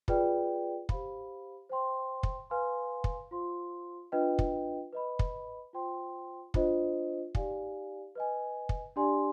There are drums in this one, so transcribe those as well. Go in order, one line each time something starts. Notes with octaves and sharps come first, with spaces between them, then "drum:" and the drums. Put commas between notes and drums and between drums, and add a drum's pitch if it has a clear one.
F4 G#4 B4 D5 G5, drum: kick
G4 C5 F5 B5, drum: kick
C5 G5 C6
drum: kick
B4 F5 G#5 C6
drum: kick
F4 C5 F5 C6
D4 F4 B4 D#5 G5
drum: kick
B4 D#5 B5
drum: kick
F4 C5 G5 C6
D4 F4 C5 D#5, drum: kick
D#4 G4 D5 F5 G#5, drum: kick
B4 D#5 G#5
drum: kick
D4 G4 D5 G#5 C6